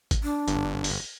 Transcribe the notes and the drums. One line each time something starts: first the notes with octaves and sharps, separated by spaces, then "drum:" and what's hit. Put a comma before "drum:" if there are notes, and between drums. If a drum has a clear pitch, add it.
drum: kick G#1, hi-hat
D4
G1, drum: hi-hat
drum: open hi-hat